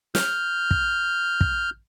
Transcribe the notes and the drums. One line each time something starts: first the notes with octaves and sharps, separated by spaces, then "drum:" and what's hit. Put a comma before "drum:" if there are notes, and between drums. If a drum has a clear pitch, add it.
F6 G6, drum: snare
drum: kick
drum: kick